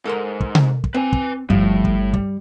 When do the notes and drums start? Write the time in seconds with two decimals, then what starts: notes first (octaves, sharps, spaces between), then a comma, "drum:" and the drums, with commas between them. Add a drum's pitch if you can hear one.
0.05 G#2 A4 A#4 C6
0.40 drum: kick
0.55 drum: tom C3
0.84 drum: kick
0.94 C4 B4 G#5
1.13 drum: kick
1.50 G1 A2 F3 G3
1.85 drum: kick
2.13 G3, drum: kick